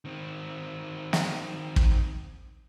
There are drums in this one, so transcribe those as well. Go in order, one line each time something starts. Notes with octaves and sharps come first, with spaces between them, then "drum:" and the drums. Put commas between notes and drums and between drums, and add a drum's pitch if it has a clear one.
D#3 C4
drum: snare
drum: kick